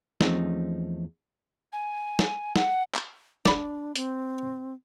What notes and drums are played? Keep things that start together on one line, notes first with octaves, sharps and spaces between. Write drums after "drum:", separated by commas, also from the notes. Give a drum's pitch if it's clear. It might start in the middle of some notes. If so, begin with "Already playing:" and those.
E2 F3 A3 C4 C#4 D#4, drum: snare
G#5
drum: snare
F#5, drum: snare
drum: clap
D4 D5 B5, drum: snare
C4, drum: hi-hat